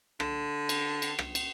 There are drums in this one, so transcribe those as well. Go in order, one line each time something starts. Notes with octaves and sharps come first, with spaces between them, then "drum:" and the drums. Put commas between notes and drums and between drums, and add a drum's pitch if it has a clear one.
D3, drum: rim click
drum: cymbal
drum: cymbal
drum: rim click
drum: cymbal